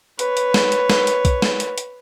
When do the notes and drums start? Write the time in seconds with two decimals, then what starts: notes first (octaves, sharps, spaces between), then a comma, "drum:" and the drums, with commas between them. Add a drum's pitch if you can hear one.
0.19 B4 C#5, drum: hi-hat
0.37 drum: hi-hat
0.54 drum: snare
0.72 drum: hi-hat
0.90 drum: snare
1.07 drum: hi-hat
1.25 drum: kick, hi-hat
1.42 drum: snare
1.60 drum: hi-hat
1.78 drum: hi-hat